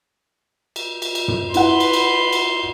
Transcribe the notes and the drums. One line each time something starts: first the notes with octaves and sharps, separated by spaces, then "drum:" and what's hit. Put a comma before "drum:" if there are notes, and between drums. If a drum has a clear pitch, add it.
drum: cymbal
drum: cymbal
drum: cymbal
drum: tom
E4 B4 F#5 C6, drum: cymbal
drum: cymbal
drum: cymbal
drum: cymbal